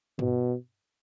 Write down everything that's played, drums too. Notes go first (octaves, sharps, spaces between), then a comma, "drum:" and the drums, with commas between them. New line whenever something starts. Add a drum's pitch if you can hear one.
B2, drum: tom G2